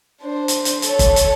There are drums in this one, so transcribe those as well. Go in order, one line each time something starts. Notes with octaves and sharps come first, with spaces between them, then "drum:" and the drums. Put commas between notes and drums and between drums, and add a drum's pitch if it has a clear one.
D4 C5
drum: hi-hat
drum: hi-hat
A4 C#5, drum: hi-hat
drum: kick, hi-hat
drum: hi-hat